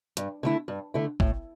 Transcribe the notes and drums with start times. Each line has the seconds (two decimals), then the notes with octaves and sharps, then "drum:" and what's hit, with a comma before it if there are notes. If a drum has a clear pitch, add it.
0.17 G2, drum: hi-hat
0.43 D3 A3 E4
0.68 G2
0.94 D3 A3 E4
1.20 A2, drum: kick